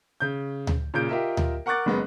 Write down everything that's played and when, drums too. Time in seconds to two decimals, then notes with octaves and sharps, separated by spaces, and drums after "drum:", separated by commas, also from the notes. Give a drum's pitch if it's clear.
0.20 C#3 G6
0.67 drum: tom D2
0.94 A#2 C#3 G6 D7
1.09 F4 G4 A#4 D#5 E5
1.37 drum: tom D2
1.66 A#4 F#5 C#6 D6 F#6 A6
1.86 F#1 G#3 B3